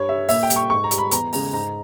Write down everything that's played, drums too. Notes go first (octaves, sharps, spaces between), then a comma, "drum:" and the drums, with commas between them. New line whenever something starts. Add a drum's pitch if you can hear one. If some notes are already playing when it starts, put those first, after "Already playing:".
Already playing: G2 C#5
G3 E5
A#2 E5, drum: open hi-hat
G5
G3, drum: hi-hat
C#6
G#2 C#6
A#5
G3, drum: hi-hat
B5
E2 A#5, drum: hi-hat
C#3 G#3 A#5, drum: open hi-hat
G#2 A#5